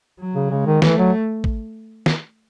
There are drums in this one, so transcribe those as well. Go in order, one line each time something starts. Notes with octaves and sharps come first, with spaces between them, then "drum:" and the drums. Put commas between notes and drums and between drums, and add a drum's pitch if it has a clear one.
F#3
C#3
C#3 G#3
D#3
E3 A3, drum: snare
F#3
drum: kick
drum: snare